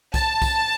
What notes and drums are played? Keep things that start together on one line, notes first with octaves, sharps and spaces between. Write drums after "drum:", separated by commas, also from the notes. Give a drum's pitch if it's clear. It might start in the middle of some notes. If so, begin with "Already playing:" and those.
A5, drum: kick B1, tambourine
drum: kick B1, tambourine